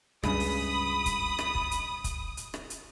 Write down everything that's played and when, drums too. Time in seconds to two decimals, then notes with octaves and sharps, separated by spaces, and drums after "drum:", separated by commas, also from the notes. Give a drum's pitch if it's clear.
0.23 C#2 G2 C#3 B5 D#6, drum: rim click
0.40 drum: open hi-hat
1.06 drum: kick, hi-hat
1.39 drum: rim click
1.55 drum: kick
1.71 drum: hi-hat
2.04 drum: kick, hi-hat
2.37 drum: hi-hat
2.54 drum: rim click
2.70 drum: hi-hat